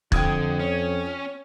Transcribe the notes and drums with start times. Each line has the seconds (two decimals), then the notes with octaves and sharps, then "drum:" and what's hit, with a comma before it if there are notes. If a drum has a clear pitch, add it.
0.12 F2 D3 G5 D#6 G#6, drum: kick
0.59 C#4 C#5